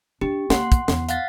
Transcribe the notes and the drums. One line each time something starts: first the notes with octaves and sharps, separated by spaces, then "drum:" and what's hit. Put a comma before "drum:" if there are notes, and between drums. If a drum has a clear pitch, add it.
D4 G4
A#3 F#5 C6, drum: snare
drum: kick, hi-hat
E2, drum: snare
F5 F#5 A6, drum: hi-hat